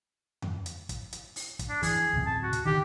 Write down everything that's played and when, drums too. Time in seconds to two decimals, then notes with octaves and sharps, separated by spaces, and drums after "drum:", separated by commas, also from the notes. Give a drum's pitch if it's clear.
0.42 drum: tom F2
0.66 drum: hi-hat
0.89 drum: kick, hi-hat
1.12 drum: hi-hat
1.36 drum: open hi-hat
1.59 drum: kick, hi-hat
1.69 D4
1.83 E3 G#4, drum: kick, open hi-hat
2.14 D1 C3
2.26 A5
2.43 F#4
2.53 drum: hi-hat
2.65 D3 D#3 G4